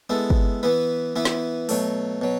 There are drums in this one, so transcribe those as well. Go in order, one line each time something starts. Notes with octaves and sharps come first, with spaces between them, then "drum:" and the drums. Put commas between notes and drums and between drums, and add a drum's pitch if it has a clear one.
G#3 B3 E4 A4
drum: kick
E3 B3 E4 B4
E3 B3 E4 B4
drum: snare
B2 F#3 A3, drum: open hi-hat
B2 F#3